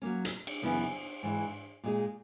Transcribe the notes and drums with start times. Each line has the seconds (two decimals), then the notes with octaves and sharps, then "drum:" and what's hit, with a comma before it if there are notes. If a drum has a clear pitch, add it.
0.02 F#3 A#3 C#4
0.25 drum: hi-hat
0.47 drum: cymbal
0.62 F#2 C#3 E3 B3 E4
1.23 G#2 E3 G#3
1.84 A#2 G#3 D#4 G#4